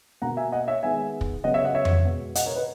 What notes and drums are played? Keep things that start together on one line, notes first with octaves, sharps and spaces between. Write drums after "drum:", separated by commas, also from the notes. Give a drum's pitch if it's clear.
B2 A#3 F#5 A#5
E5 G#5
D#5 F#5
C#5 E5
D#3 G#3 B3 E5 G#5
drum: kick
C#3 F#3 B3 D#5 F#5
C#5 E5
D#5 F#5
C#5 E5
drum: tom F2
B2 G#3 B3
D#5 F#5, drum: hi-hat
A#4 C#5
B4 D#5